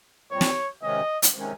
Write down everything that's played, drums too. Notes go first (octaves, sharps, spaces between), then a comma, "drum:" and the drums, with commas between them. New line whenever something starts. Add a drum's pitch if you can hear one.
A#2 G3 C4 C#5
drum: snare
C3 D#3 G#3 C#4 D#5
drum: hi-hat
C3 D#3 G#3 C#4